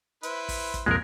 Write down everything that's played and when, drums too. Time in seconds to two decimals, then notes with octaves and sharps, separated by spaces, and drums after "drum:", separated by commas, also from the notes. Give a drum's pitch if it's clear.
0.23 E4 B4 C5, drum: hi-hat
0.49 drum: kick, open hi-hat
0.74 drum: kick, hi-hat
0.86 C2 F2 A#2 G#3 A#4